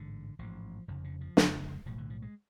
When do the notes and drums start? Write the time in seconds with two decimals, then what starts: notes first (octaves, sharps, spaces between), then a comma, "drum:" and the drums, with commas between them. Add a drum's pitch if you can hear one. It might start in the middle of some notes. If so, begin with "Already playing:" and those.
Already playing: A1 G#2 D3
0.39 A1 G#2 F3
0.88 F1 F2 C#3 F3
1.04 D3
1.21 F3
1.37 F1 F2 C#3 B3, drum: snare
1.61 G#3
1.86 B1 A2 F3
1.98 D3
2.10 F3
2.22 G#3